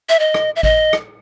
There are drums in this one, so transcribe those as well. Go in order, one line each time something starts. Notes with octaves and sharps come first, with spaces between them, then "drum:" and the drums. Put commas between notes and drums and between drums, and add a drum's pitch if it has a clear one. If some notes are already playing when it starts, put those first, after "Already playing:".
E5
D#5
drum: rim click
E5
D#5, drum: kick G#1
drum: rim click